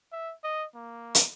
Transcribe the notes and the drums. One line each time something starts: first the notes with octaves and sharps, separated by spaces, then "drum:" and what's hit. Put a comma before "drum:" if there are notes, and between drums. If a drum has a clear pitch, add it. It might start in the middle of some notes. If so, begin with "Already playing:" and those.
E5
D#5
A#3
drum: hi-hat